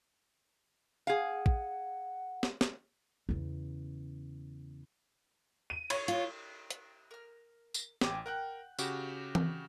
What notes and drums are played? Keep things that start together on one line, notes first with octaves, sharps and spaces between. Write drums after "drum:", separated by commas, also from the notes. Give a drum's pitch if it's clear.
G#4 F5 F#5
drum: kick
drum: snare
drum: snare
E2 C#3
D#7
C#5, drum: cymbal
F4, drum: hi-hat
drum: hi-hat
A#4 F6
drum: tambourine
A1 G5 G#5 D6, drum: snare
A#4 F#5 G5 F#6
C#3 F#4 G4, drum: tambourine
drum: tom E3